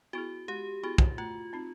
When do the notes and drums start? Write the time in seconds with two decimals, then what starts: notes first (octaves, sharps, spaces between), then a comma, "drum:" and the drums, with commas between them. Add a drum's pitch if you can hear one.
0.13 B3 E4 F#4 G#4
0.48 G#3 G4
0.83 B3 E4 F#4 G#4
0.98 drum: kick
1.18 A3 F4
1.53 C4 D#4